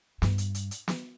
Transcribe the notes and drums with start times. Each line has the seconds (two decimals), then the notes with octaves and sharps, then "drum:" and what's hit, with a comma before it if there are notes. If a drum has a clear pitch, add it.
0.22 G2, drum: snare
0.38 drum: hi-hat
0.55 drum: hi-hat
0.71 drum: hi-hat
0.88 drum: snare